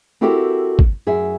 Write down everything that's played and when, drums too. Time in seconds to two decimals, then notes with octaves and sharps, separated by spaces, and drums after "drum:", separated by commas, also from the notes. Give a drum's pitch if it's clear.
0.21 C4 E4 F#4 G4 A4 A#4
0.79 drum: kick
1.07 F#2 G#4 E5